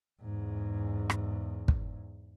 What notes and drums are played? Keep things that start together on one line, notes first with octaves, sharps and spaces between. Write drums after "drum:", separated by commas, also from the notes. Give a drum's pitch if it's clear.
E2 G#2
drum: rim click
drum: kick